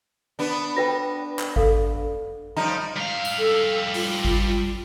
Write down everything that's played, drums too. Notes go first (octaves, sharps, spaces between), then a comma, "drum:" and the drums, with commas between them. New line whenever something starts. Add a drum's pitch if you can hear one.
B3 D4
F4 B4 G5
drum: clap
A4 F5, drum: kick G#1
F3 G3 D#4 A#5
G3 F5
drum: tambourine
A4
F4, drum: open hi-hat
drum: kick G#1